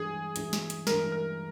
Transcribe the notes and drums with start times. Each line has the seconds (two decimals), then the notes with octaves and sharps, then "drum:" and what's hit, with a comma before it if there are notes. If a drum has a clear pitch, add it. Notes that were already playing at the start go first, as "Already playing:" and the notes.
Already playing: G2 E3 G#3 G#4
0.36 G2 E3 G#3, drum: hi-hat
0.53 drum: snare
0.70 drum: hi-hat
0.87 G2 E3 G#3 A#4, drum: snare
1.12 A#4